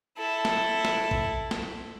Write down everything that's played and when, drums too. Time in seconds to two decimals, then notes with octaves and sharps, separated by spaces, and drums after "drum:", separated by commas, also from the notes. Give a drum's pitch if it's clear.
0.18 E4 A4
0.45 drum: snare
0.85 drum: snare
1.11 drum: kick
1.51 drum: snare